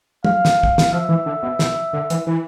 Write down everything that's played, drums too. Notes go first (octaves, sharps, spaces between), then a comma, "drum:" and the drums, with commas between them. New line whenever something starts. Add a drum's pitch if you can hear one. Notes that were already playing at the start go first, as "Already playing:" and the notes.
F5, drum: tom
drum: snare
drum: kick
drum: snare
F3 E5
E3
D3
B2
B2, drum: snare
D3
E3, drum: hi-hat
E3